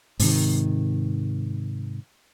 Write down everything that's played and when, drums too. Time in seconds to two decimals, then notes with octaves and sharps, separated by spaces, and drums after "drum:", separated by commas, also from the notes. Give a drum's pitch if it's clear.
0.19 G#2 C3 D#3, drum: open hi-hat